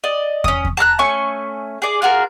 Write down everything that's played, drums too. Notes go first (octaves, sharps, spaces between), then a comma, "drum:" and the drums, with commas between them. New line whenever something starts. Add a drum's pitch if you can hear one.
D5 D#5
C#4 D#6, drum: kick
drum: kick
A5 A#5 F6 F#6
A3 C#4 G#5 C#6
G#4 D5
F4 F#4 G#4 A#4